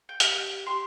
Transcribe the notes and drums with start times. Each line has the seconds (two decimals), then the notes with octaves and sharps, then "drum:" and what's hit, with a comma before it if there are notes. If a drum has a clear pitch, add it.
0.09 G5
0.20 G4 F5, drum: hi-hat
0.66 G4 C6